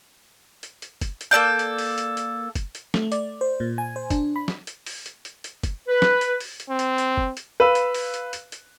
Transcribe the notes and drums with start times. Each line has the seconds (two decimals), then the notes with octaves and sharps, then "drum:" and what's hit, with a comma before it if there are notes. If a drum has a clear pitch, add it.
0.63 drum: hi-hat
0.82 drum: hi-hat
1.01 drum: kick, hi-hat
1.21 drum: hi-hat
1.31 A#3 A4 D5 G6
1.59 drum: hi-hat
1.78 drum: open hi-hat
1.98 drum: hi-hat
2.17 drum: hi-hat
2.55 drum: kick, hi-hat
2.75 drum: hi-hat
2.94 A3, drum: snare
3.12 D5, drum: hi-hat
3.41 C5
3.60 A#2
3.78 G#5
3.96 C5
4.10 D4, drum: kick, hi-hat
4.36 B5
4.48 drum: snare
4.67 drum: hi-hat
4.86 drum: open hi-hat
5.06 drum: hi-hat
5.25 drum: hi-hat
5.44 drum: hi-hat
5.63 drum: kick, hi-hat
5.88 B4
6.02 drum: snare
6.21 drum: hi-hat
6.40 drum: open hi-hat
6.60 drum: hi-hat
6.69 C4
6.79 drum: hi-hat
6.98 drum: hi-hat
7.17 drum: kick
7.37 drum: hi-hat
7.60 B4 F5 E6
7.75 drum: hi-hat
7.94 drum: open hi-hat
8.14 drum: hi-hat
8.33 drum: hi-hat
8.52 drum: hi-hat